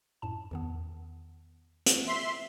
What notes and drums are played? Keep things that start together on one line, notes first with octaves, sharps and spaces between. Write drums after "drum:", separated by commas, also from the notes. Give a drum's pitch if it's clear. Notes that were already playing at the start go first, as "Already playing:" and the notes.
F#2 A2 A5
E2 D#3 B3
drum: hi-hat
E5 C6